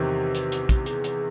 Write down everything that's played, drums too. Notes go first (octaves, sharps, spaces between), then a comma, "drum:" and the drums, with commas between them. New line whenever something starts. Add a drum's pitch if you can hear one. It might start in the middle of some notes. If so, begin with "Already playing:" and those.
Already playing: E2 C3 D#3 G4
drum: hi-hat
drum: hi-hat
drum: kick, hi-hat
G#4, drum: hi-hat
drum: hi-hat